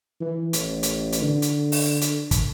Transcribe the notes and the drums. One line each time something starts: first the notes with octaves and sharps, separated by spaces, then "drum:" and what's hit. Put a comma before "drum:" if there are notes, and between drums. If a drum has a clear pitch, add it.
E3
A1, drum: hi-hat
drum: hi-hat
drum: hi-hat
D3
drum: hi-hat
drum: open hi-hat
drum: hi-hat
drum: kick, hi-hat